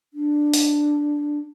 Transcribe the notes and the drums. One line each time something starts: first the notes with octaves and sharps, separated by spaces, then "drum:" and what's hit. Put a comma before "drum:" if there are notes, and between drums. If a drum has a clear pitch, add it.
D4
drum: open hi-hat